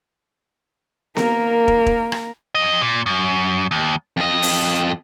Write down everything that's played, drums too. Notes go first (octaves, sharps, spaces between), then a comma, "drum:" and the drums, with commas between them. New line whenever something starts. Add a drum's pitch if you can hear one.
A#3 A#4, drum: snare B3
drum: kick
drum: kick
drum: rim click
F2 D#5
A#2
F#2
D#2
F2 D#5
drum: open hi-hat